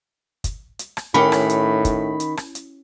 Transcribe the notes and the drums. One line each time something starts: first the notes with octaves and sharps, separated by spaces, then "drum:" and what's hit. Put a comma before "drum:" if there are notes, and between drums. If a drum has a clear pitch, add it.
drum: kick, hi-hat
drum: hi-hat
drum: rim click
A2 D#3 C#4 F#4 G4 B5
drum: rim click
drum: hi-hat
drum: kick, hi-hat
drum: hi-hat
drum: rim click
drum: hi-hat